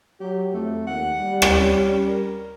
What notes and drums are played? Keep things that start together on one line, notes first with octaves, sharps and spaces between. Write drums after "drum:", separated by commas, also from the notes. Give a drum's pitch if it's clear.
F#3 G4
F2 A3
D#2 F#5
G3
drum: rim click
C#4
A#4